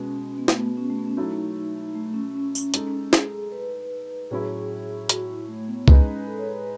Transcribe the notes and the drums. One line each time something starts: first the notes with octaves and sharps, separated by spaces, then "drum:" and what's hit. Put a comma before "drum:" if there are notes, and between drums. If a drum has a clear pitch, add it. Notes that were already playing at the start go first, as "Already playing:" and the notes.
Already playing: B2 G#3 B3 C#4
B3
A3, drum: snare
B3
B3
C#4
A3
B3
C#4
F#3 A3 D#4 E4
A3
C#4
C#4
drum: tambourine
G#3 D#4 A4, drum: hi-hat
G#4, drum: snare
B4
A2 F#3 C#4 E4 G#4
F#4, drum: hi-hat
E4
A3
B3
G#3 C#4 D#4 G#4 B4, drum: kick C2
A4
C#5
B4